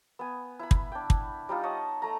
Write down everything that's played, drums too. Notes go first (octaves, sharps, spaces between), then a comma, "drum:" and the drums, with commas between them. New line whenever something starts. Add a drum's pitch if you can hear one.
B3 G#5
E4 B5
drum: kick
D4 G5
drum: kick
G3 D#4 F4
C#5 D#5 F#5 A5
A3 A#5